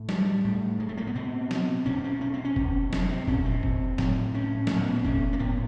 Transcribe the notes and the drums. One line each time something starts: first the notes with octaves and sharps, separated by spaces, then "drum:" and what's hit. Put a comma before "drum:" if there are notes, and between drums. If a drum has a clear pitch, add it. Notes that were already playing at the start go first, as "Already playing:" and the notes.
Already playing: A2
G3, drum: snare
A2
G#3
A3
A#3
B3
B2 C4
drum: snare
B2 C#4
C#4
C#4
C4
C#4
B2, drum: kick F1
C4, drum: snare
C4
A#2 C#4, drum: kick F1
C4
drum: kick F1
A2, drum: snare
C#4
A#2 A3, drum: snare
A#3
B3
C4
C#4, drum: kick F1
A#3
A2 B3